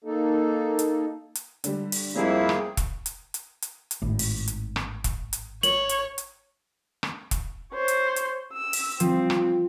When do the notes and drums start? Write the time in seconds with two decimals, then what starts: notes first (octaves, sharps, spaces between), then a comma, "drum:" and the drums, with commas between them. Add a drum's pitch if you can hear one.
0.04 A#3 D#4 A4
0.79 drum: hi-hat
1.35 drum: hi-hat
1.64 D3 G3, drum: hi-hat
1.92 drum: open hi-hat
2.15 F2 G3 A#3 C4 E4 G#4
2.49 drum: rim click
2.77 drum: kick E1, hi-hat
3.06 drum: hi-hat
3.34 drum: hi-hat
3.62 drum: hi-hat
3.91 drum: hi-hat
4.02 G#1 A2
4.19 drum: open hi-hat
4.48 drum: hi-hat
4.76 drum: rim click
5.04 drum: kick E1, hi-hat
5.33 drum: hi-hat
5.63 C#5 F#7, drum: hi-hat
5.89 drum: hi-hat
6.18 drum: hi-hat
7.03 drum: rim click
7.31 drum: kick E1, hi-hat
7.73 C5 C#5
7.88 drum: hi-hat
8.16 drum: hi-hat
8.53 E6
8.73 drum: open hi-hat
9.00 F3 C4, drum: hi-hat
9.30 drum: rim click